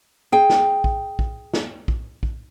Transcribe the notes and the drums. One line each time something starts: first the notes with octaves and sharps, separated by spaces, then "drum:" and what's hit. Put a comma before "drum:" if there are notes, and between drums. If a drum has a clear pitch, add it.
G#4 G5
drum: snare
drum: kick A#1
drum: kick A#1
drum: snare
drum: kick A#1
drum: kick A#1